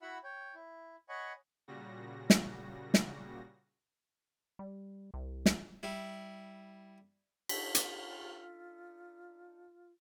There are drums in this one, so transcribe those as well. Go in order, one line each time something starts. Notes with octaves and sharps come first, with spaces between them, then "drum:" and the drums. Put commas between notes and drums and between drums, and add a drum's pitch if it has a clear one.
E4 F#4 E5 F#5 B5 E6
C#5 G5
E4
C#5 D#5 F#5 G#5 B5 C#6
A#2 C#3 G3 F#4 A#6
drum: snare
drum: snare
G3
C2
drum: snare
G3 E4
D4 D#4 F4 A4 B6, drum: cymbal
drum: hi-hat